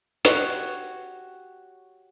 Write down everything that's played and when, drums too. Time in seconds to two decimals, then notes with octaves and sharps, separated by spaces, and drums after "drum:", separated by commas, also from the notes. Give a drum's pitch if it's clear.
0.25 F#4 G4 C#5, drum: hi-hat